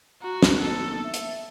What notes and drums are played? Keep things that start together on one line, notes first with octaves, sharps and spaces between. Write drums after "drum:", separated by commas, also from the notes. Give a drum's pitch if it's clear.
F#4 A#5
drum: snare
A#3 B3 D#4 A4
E5
drum: hi-hat